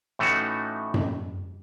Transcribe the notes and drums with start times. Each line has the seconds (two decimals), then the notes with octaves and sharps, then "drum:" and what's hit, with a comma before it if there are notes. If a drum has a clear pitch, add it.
0.19 A2 E3 A3 C#4 D#4 F#4
0.94 drum: tom F#2